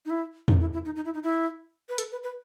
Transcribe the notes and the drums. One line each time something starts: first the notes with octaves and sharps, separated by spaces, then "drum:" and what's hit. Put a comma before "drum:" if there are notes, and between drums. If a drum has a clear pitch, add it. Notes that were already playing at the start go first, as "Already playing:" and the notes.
D#4
E4
D#4, drum: tom E2
E4
E4
D#4
D#4
E4
D#4
E4
B4
A4, drum: hi-hat
B4
B4